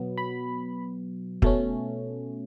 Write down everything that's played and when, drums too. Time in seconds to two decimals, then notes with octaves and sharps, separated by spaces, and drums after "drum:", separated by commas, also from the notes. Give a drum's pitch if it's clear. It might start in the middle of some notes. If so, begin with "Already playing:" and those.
Already playing: B2 F#3 B3
0.18 B5
1.42 B2 A3 C#4, drum: kick